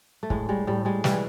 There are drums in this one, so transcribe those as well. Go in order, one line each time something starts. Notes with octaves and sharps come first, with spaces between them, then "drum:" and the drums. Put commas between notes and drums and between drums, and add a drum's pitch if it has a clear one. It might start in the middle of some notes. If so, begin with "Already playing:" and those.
A3
A2 G#3, drum: kick
G3 G#3
A2 G3
G3 G#3
E3 G3, drum: snare
G#3